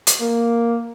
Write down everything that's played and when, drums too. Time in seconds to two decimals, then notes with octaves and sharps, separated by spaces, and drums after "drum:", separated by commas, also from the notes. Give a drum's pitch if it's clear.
0.07 drum: hi-hat
0.21 A#3